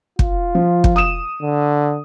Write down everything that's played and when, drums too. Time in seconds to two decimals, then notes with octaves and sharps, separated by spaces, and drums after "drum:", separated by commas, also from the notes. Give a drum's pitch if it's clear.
0.19 F4, drum: kick
0.55 F3
0.84 drum: kick
0.96 D#6 E7
1.42 D3